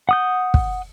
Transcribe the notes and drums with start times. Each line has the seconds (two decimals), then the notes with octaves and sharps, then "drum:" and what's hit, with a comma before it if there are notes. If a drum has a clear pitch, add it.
0.09 F#5 D#6 G6
0.54 drum: kick